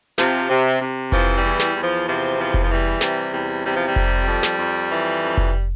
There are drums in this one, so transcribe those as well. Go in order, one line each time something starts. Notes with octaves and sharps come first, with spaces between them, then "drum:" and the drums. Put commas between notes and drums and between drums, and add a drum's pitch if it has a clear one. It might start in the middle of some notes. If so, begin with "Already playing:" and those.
C3 F3, drum: snare
C3
C3
E3 F3, drum: kick F1
G3
E2
G3, drum: snare
E2
F3
C3 F3
E2 F3
drum: kick F1
F3
E3 G3
C3 G3, drum: snare
E2 G3
C3 G3
F3
G3
F2, drum: kick F1
F2
drum: snare
F2
E3
F2
drum: kick F1